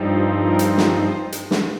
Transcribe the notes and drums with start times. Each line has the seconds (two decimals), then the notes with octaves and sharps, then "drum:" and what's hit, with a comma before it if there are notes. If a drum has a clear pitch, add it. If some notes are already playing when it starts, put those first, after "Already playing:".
Already playing: G2 F3 C4 D#4
0.40 A#4
0.59 drum: hi-hat
0.77 drum: snare
0.96 C5
1.32 drum: hi-hat
1.51 drum: snare